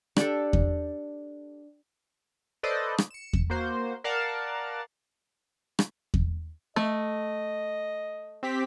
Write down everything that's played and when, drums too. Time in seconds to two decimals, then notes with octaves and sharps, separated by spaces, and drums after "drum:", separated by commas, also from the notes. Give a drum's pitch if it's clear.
0.16 D4 G4 A4, drum: rim click
0.53 drum: kick E2
2.63 A4 B4 C5 D5 D#5
2.98 drum: rim click
3.10 C#7 E7
3.33 drum: kick E2
3.50 A#3 F#4 C5
4.04 A#4 D5 F5 F#5 A5
5.79 drum: rim click
6.14 drum: kick E2
6.76 A3 D#5
8.43 C4 G4 B6